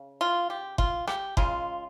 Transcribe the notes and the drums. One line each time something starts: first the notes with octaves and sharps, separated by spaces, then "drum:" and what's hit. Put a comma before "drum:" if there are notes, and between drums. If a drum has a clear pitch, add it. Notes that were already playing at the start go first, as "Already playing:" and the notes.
Already playing: C#3
F4
G4
F4, drum: kick F#1
G4, drum: rim click
C#3 G#3 F4, drum: kick F#1